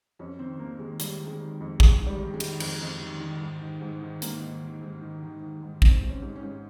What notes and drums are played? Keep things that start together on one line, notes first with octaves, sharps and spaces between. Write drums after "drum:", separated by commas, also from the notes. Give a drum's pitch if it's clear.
F2 C#4
D#3 C4
D#3 A#3
D#3 G#3
D#3 G3, drum: hi-hat
D#3
G#3
D#3
F2
F2 G#3, drum: kick
D#3
G3
D#3
G#3
D#3, drum: cymbal
F2, drum: cymbal
F2
D#3
D#3
G#2
D#3
G#2
D#3
G#2 A#3, drum: hi-hat
D#3
D#3
G#2
D#3
D#3
D#3
G#2
G#2 C4, drum: kick
G#2
C#4
G#2
C#4
G#2